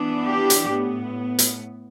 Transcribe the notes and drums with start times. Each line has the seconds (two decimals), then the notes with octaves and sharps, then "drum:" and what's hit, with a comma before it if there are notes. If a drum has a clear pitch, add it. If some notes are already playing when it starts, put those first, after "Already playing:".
Already playing: E3 B3 D4
0.27 G4
0.50 drum: hi-hat
0.72 A2 B3
1.39 drum: hi-hat